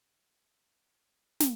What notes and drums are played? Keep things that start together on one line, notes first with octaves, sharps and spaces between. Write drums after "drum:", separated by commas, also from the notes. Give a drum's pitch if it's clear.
C#4 D4 G4 G5 G#5
drum: snare